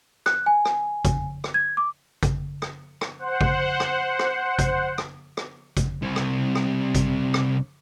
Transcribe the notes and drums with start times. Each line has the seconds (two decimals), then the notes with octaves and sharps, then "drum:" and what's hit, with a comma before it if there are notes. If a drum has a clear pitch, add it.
0.26 F#6, drum: rim click
0.46 G#5
0.65 drum: rim click
1.05 drum: kick G#1, hi-hat
1.44 drum: rim click
1.54 G#6
1.77 D6
2.23 drum: kick G#1, hi-hat
2.62 drum: rim click
3.01 drum: rim click
3.18 C5 F#5
3.41 drum: kick G#1
3.80 drum: rim click
4.19 drum: rim click
4.59 drum: kick G#1, hi-hat
4.98 drum: rim click
5.37 drum: rim click
5.77 drum: kick G#1, hi-hat
6.02 C2 C3
6.16 drum: rim click
6.55 drum: rim click
6.95 drum: kick G#1, hi-hat
7.34 drum: rim click